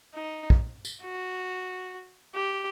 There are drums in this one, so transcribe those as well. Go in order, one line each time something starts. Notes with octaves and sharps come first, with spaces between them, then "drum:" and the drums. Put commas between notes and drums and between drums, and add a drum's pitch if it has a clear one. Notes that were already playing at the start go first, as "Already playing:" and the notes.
D#4
drum: kick
drum: tambourine
F#4
G4